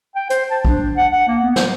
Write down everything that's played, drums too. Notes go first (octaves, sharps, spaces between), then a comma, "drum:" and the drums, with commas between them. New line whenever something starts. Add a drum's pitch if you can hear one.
G5
C5, drum: hi-hat
A5
D4, drum: kick
F#5
F#5
A#3
B3
C5, drum: snare